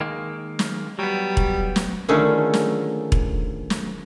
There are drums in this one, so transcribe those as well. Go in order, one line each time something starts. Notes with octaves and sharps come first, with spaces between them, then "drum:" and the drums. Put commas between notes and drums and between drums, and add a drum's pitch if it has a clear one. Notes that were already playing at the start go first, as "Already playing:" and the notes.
D#3 G#3 A#3
drum: snare
F#3 G3 B3
drum: kick E1
drum: snare
D3 D#3 F3 A3 C#4 G#4
drum: snare
drum: kick E1
drum: snare